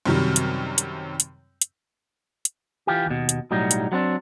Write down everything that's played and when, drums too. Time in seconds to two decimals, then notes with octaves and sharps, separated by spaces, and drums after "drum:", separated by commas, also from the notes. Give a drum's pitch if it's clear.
0.06 F#2 C3 D#3 F#3 G3
0.36 drum: hi-hat
0.78 drum: hi-hat
1.20 drum: hi-hat
1.62 drum: hi-hat
2.45 drum: hi-hat
2.87 E3 F4 G4
3.06 D#2 B2
3.29 drum: hi-hat
3.51 B1 A2 F#3 G3 D#4
3.71 drum: hi-hat
3.92 F#3 B3 C4 D4